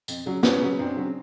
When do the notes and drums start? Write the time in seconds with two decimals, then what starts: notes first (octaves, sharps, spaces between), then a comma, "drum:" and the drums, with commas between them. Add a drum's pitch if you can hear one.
0.08 F2, drum: tambourine
0.26 C#3 F#3
0.43 F#2 B3 C#4, drum: snare
0.61 C#3 F#3
0.79 F#2 C4 D4
0.97 C#3 F#3